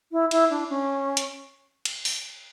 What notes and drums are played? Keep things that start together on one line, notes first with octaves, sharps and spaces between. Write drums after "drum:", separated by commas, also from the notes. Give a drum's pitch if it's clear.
E4
E4, drum: cymbal
D4
C#4
drum: hi-hat
drum: cymbal
drum: open hi-hat